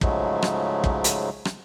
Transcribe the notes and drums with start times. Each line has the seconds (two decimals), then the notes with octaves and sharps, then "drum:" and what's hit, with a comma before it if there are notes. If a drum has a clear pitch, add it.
0.01 G#2 C#3 F3 F#3 G#3 A3, drum: kick
0.42 drum: rim click
0.84 drum: kick
1.04 drum: hi-hat
1.45 drum: rim click